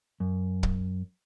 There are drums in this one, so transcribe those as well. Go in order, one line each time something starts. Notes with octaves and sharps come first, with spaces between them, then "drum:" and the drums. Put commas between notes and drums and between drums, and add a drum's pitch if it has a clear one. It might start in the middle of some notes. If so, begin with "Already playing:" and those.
F#2
drum: kick